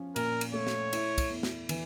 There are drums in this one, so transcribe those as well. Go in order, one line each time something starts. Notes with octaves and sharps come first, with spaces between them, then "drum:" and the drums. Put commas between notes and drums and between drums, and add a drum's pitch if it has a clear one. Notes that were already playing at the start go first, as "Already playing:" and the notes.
Already playing: F3 C#4
A#2 A#4, drum: cymbal
drum: cymbal
A3 C#5
drum: snare
E4, drum: cymbal
drum: kick, cymbal
E2
drum: snare
E3, drum: cymbal